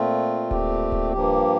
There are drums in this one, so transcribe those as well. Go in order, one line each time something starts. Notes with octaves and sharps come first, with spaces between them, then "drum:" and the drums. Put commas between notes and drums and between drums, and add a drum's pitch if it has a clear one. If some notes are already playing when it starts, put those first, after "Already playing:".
Already playing: A#2 A3 C4 F4
G4, drum: kick D1
drum: kick D1
G2 F3 A#3 G4